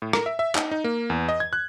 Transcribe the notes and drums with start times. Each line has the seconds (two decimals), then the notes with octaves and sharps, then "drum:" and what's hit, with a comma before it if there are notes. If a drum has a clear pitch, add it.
0.02 A2
0.13 A#4, drum: rim click
0.26 E5
0.39 E5
0.55 D#4, drum: clap
0.71 D#4
0.84 A#3
1.10 E2
1.28 D#5
1.40 G#6
1.53 F#6